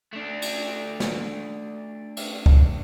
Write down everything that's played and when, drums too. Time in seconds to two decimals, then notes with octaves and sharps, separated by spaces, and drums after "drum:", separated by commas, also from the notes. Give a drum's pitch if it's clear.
0.13 A3 D4
0.42 drum: cymbal
1.00 drum: snare
2.17 drum: cymbal
2.46 drum: kick C#2